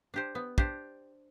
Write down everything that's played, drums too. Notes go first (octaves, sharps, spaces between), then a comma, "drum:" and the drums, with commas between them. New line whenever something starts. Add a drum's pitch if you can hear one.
D4 G4 C5
B3
D4 G4 C5, drum: kick